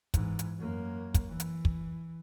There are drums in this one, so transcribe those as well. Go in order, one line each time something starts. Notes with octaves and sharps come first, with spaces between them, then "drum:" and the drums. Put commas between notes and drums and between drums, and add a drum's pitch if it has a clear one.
G#2 E3, drum: kick, hi-hat
drum: hi-hat
F#2 A#3
drum: kick, hi-hat
E3
drum: hi-hat
drum: kick